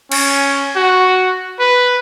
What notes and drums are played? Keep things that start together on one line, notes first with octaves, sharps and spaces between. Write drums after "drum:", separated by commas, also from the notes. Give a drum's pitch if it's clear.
C#4, drum: cymbal
F#4
B4